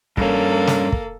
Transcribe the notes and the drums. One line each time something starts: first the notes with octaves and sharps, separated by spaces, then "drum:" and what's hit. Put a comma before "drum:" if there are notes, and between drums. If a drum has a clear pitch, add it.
G2 A#3 C#4 A4, drum: kick
drum: snare
drum: kick